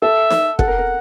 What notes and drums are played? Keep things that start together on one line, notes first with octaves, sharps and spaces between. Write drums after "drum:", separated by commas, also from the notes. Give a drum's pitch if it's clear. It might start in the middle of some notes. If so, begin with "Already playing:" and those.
A4 E5
drum: snare D#4
A4 F#5, drum: kick
A#4
A#4